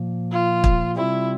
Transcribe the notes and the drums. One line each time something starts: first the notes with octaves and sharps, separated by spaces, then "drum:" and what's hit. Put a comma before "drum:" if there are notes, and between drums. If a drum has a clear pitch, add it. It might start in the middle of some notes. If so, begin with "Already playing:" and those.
Already playing: A#2 F3 A#3
F4
drum: kick
C3 G3 C4 E4 F4